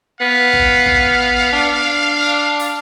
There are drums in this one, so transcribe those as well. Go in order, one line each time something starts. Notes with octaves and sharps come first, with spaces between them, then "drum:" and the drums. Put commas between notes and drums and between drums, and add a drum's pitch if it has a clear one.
B3 F5
drum: kick
drum: kick
D4
drum: open hi-hat